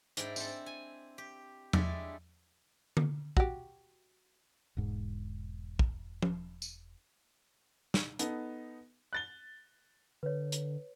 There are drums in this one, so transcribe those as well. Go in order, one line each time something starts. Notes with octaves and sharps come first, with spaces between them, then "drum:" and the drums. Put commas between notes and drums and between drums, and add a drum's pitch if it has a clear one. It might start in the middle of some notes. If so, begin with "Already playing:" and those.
G#2 D4 E4 G5, drum: hi-hat
C4 A4, drum: tambourine
G#5
G4
G#3 D4 E4 G4 A4, drum: tom E2
drum: tom D3
F#4 G4, drum: kick
E1 G#2
drum: kick
drum: tom F3
drum: tambourine
drum: snare
B3 D#4 A4, drum: hi-hat
F#6 A6 G7
D3 B4 C#5
drum: hi-hat